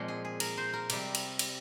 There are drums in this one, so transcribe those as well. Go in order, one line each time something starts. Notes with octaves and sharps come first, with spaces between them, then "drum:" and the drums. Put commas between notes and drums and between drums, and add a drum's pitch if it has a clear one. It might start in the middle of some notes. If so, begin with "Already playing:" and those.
Already playing: A#2 F3 G#3 C4
G#4
G#4
A#4, drum: cymbal
C5
A#4
C3 G3, drum: cymbal
drum: cymbal
drum: cymbal